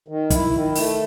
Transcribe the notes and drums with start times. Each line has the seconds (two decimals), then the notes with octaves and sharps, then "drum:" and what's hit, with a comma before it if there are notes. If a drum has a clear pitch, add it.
0.08 D#3
0.30 E4, drum: kick, hi-hat
0.53 D#3
0.76 A3, drum: open hi-hat